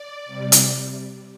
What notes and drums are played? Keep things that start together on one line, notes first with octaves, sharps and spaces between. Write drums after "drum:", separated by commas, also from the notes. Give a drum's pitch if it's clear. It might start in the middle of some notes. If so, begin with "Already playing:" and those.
Already playing: D5
C3 G3
drum: hi-hat